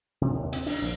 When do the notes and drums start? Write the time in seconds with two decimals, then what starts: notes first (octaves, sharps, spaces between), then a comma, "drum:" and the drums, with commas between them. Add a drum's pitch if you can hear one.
0.21 C3
0.34 D#2
0.53 C4, drum: hi-hat
0.66 D4, drum: open hi-hat
0.82 A#1